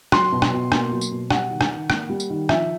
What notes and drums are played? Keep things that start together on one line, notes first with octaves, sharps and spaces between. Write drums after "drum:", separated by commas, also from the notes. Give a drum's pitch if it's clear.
F#3 C6, drum: rim click
B2
drum: rim click
B2
A#3, drum: rim click
F#3
drum: tambourine
B2
G3 F#5, drum: rim click
D#3
drum: rim click
D#3
A#3, drum: rim click
G3
drum: tambourine
D#3
F3 E5, drum: rim click